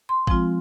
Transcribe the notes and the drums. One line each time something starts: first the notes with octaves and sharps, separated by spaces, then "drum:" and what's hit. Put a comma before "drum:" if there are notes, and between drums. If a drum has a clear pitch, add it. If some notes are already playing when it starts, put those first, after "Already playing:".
C6
F3 G#3 C4 F4, drum: kick